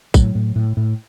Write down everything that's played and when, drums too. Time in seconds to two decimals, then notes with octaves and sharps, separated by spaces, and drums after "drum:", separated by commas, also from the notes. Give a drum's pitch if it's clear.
0.14 A2 F#3, drum: kick, tambourine
0.35 A2
0.56 A2
0.77 A2